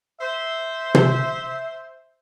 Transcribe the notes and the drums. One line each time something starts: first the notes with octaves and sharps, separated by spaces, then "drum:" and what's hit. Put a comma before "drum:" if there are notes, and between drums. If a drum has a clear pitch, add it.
C5 E5
drum: tom